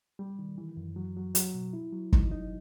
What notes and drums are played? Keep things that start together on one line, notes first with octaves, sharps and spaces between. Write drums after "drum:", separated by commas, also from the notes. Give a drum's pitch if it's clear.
G3
D#3
E3
F#2
F#3
F#3
F#3, drum: hi-hat
B2
E4
F#3
D#4, drum: kick
D#4